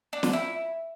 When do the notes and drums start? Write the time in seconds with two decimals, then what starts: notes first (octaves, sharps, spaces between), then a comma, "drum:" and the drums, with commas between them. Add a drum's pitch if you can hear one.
0.13 D4
0.23 drum: snare
0.33 E4